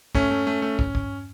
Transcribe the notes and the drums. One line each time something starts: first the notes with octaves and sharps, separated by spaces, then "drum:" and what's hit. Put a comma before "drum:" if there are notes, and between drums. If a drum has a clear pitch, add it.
A3 C#4, drum: kick
A3
A3
A3
drum: kick
drum: kick